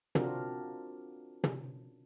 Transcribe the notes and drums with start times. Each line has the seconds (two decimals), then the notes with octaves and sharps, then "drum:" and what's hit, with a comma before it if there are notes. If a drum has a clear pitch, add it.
0.15 C4 D4 F4 F#4 A#4, drum: tom
1.44 drum: tom